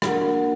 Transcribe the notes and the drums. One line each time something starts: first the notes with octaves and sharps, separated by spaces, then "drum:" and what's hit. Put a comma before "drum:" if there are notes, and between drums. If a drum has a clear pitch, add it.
A#3 D4 F#4 A#4 F#5, drum: rim click